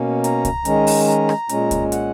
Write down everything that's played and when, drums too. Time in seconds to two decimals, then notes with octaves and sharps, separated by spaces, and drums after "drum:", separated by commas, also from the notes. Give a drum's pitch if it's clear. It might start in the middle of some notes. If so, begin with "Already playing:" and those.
Already playing: B2 A#3 C#4
0.24 A#5, drum: hi-hat
0.45 drum: kick C2, hi-hat
0.65 D#3 G#3 C#4, drum: hi-hat
0.87 drum: open hi-hat
1.08 A#5
1.29 drum: rim click
1.49 A#2 G#3 C#4, drum: hi-hat
1.71 drum: kick C2, hi-hat
1.92 F#5, drum: hi-hat